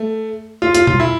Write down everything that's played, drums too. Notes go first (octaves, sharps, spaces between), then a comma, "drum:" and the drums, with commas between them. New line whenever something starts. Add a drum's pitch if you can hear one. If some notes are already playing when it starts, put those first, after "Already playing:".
Already playing: A3
F4
F4, drum: hi-hat
F4, drum: tom B2
E4